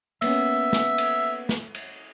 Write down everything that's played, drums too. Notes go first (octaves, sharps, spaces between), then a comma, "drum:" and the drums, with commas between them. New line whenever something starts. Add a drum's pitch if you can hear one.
A#3 B3 C#4 E5, drum: cymbal
drum: snare
drum: cymbal
drum: snare
drum: cymbal